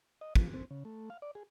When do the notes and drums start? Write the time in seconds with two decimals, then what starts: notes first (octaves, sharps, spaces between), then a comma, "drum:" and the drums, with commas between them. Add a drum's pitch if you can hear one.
0.21 D#5
0.35 F3, drum: kick
0.54 C4
0.71 C#3
0.85 A3
1.10 F5
1.22 D5
1.35 G#4